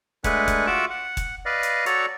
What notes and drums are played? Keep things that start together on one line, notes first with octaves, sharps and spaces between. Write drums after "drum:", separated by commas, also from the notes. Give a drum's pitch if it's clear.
G#3 A3 D4 B4 F#5 G#5, drum: kick, hi-hat
drum: kick, hi-hat
F4 F#4 E5 F#5 D6 E6
F#5
drum: kick, hi-hat
B4 D5 D#5 F5
drum: hi-hat
F#4 A4 C#5 D5 A#5 C#6, drum: hi-hat